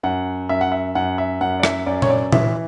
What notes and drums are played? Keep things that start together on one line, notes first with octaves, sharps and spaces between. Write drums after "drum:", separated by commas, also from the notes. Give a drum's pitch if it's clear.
F#2 F#5
F#2 E5
F#5
E5
F#2 F#5
E5
F#2 F#5
D5
E5, drum: rim click
F#2 D5
C#5, drum: tom A#2
D5
E3 E5, drum: tom A#2